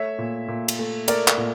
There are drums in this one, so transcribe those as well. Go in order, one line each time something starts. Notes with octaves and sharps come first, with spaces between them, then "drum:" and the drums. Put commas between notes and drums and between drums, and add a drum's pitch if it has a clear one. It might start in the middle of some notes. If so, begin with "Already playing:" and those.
Already playing: A3 C#5 E5
A#2
A#2
drum: cymbal
A3
A3 A#4 D5, drum: cymbal
drum: clap
A#2